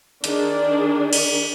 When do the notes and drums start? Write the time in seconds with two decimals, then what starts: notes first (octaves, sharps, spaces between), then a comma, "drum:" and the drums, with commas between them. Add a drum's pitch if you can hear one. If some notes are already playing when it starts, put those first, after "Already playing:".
0.24 D#3 D4 G#4, drum: hi-hat
1.13 drum: cymbal